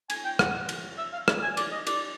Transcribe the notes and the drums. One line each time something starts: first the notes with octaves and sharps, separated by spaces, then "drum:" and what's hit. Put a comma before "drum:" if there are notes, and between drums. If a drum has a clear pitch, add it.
G#5, drum: cymbal
G5
F#5, drum: rim click
drum: cymbal
E5
F5
drum: rim click
G#5
D5, drum: cymbal
D#5
D5, drum: cymbal